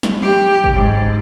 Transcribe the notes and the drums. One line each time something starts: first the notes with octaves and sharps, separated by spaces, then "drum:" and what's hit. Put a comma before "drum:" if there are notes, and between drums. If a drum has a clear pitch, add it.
drum: snare
G4, drum: tom
drum: kick F#1
G#2